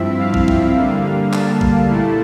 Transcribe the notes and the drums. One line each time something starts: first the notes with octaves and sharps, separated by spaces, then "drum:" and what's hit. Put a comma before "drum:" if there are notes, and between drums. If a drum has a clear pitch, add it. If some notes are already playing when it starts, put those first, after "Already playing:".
Already playing: G2 F3 C4 E4 E5
F5
drum: kick
drum: kick
D3 G3 A#3
A5, drum: clap
drum: kick
A#2 A3 E4